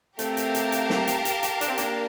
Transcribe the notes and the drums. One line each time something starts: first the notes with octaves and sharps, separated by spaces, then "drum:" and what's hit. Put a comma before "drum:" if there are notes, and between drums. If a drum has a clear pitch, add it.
A3 C4 G4 A#4 F5 A5, drum: hi-hat
drum: hi-hat
drum: hi-hat
drum: hi-hat
drum: snare
drum: hi-hat
drum: hi-hat
drum: hi-hat
D4, drum: hi-hat
C4
A#3 D4, drum: hi-hat